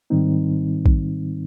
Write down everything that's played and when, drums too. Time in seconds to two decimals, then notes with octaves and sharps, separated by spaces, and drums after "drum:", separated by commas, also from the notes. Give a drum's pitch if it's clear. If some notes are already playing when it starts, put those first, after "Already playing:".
0.10 G#2 D#3 G3 C4 D#4
0.86 drum: kick